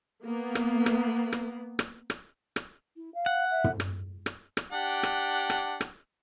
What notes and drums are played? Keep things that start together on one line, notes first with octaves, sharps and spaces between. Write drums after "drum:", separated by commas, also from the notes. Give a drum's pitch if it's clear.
A#3 B3
drum: rim click
drum: rim click
drum: rim click
drum: rim click
drum: rim click
drum: rim click
E4
F5
F#5
E5
drum: tom
drum: rim click
drum: rim click
drum: rim click
D4 G4 F#5
drum: rim click
drum: rim click
drum: rim click